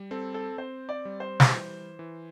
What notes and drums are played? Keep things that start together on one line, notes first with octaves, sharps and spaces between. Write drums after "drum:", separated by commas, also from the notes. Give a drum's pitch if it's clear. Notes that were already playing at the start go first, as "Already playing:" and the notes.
Already playing: G3
C4 A4
A4
C4 C5
D5
G3
C5
drum: snare
E3
E3